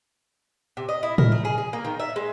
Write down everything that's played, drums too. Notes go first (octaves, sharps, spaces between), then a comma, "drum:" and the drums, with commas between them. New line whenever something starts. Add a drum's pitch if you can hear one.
C3
D#5
E4
A#4, drum: tom A2
A3
G#4
G#4
A#3
D#3
E5
G#3